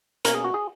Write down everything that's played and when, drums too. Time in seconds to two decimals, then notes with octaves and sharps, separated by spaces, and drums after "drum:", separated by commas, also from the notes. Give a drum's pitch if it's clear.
0.25 B2 A#3 C#4 A#4, drum: hi-hat
0.34 G#4
0.44 F#4
0.54 G#4